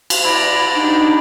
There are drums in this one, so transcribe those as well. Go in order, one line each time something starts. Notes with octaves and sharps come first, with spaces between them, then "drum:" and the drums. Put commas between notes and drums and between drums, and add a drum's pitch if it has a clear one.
drum: cymbal
E4 D5 A#6
D4 D#4 G4